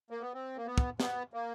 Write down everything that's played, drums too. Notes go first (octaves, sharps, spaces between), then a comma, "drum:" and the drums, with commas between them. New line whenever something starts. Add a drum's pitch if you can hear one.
A#3
B3
C4
A#3
B3
drum: kick
B3, drum: snare
A#3